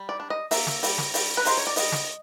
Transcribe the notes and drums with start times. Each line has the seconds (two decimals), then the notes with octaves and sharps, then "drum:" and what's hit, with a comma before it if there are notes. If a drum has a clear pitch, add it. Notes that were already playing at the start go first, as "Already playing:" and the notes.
Already playing: G3
0.09 D5
0.20 D4
0.30 D#5
0.51 A#3 E5, drum: open hi-hat
0.67 drum: snare
0.83 G3, drum: open hi-hat
0.98 drum: snare
1.14 G3, drum: open hi-hat
1.37 B4
1.45 D#4 C5, drum: open hi-hat
1.57 C#5
1.67 D5
1.76 G3 D#5, drum: open hi-hat
1.92 drum: snare